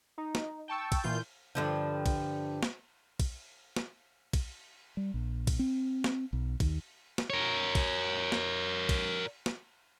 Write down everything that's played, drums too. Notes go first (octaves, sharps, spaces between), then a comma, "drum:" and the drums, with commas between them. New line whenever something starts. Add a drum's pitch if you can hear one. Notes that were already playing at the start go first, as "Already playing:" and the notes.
D#4
drum: snare
G5 A5 C#6 E6
drum: kick, cymbal
A#2 E3 F4 G6
G2 D3 F3
drum: kick, cymbal
drum: snare
drum: kick, cymbal
drum: snare
drum: kick, cymbal
G3
A#1
drum: kick, cymbal
C4
drum: snare
B1
D#2, drum: kick, cymbal
drum: snare
A#4 C#5
drum: kick, cymbal
drum: snare
drum: kick, cymbal
drum: snare